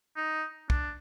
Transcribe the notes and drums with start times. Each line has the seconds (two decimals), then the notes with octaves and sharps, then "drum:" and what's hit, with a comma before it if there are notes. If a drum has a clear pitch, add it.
0.16 D#4
0.70 D4, drum: kick